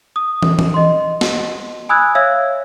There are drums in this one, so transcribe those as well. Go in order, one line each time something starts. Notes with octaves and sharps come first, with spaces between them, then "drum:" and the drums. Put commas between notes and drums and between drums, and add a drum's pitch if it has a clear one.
D#6
drum: tom
drum: tom
D#5 C6
drum: snare
G#5 B5 D#6 E6 F#6 G#6
C#5 E5 F5 E6 G#6